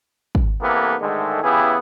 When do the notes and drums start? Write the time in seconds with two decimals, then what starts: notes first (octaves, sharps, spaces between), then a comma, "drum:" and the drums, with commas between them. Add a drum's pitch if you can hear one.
0.35 drum: kick
0.61 C3 E3 A#3 B3 A4
1.00 G#2 D3 D#3 G#3 A3
1.42 C#3 E3 B3 E4 G4 G#4